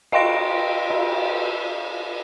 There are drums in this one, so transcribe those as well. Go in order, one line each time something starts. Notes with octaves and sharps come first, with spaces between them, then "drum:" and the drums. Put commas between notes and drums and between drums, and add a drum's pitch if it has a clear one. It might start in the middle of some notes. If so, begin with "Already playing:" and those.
D#5 F5 G5 C6 A#6 D7, drum: cymbal
drum: cymbal